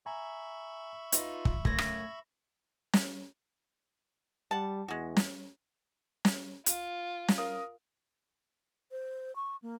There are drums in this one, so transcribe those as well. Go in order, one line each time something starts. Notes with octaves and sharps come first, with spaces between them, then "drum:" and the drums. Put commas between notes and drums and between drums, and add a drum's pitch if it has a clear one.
E5 G#5 A#5 B5 C#6
D#4 F4 B4, drum: hi-hat
drum: kick
F#2 C#3 A3 G#6 A#6, drum: kick
drum: rim click
drum: snare
G3 F#5 A5
E2 G#3 F#4
drum: snare
drum: snare
F4, drum: hi-hat
drum: snare
A#4 F5 D#6
C5
C#6
A#3